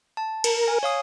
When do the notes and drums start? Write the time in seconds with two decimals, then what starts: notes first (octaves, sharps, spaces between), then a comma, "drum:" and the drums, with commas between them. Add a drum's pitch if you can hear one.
0.17 A5
0.44 A#4, drum: cymbal
0.68 G#5
0.83 C#5 F5 D#6